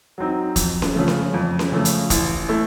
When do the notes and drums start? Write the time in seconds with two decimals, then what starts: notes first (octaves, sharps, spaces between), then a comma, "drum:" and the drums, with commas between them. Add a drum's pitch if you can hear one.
0.18 F#3 C4 D#4
0.56 F2, drum: kick, hi-hat
0.82 drum: snare C#4
0.95 C#3 F3 A3
1.08 drum: snare C#4
1.34 F2
1.59 drum: snare C#4
1.72 C#3 F3 A3
1.85 drum: hi-hat
2.10 A1, drum: kick, hi-hat
2.49 A2 A3